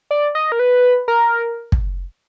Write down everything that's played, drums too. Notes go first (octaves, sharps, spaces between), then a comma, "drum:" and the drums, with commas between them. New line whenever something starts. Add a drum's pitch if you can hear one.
D5
D#5
A#4
B4
A#4
drum: kick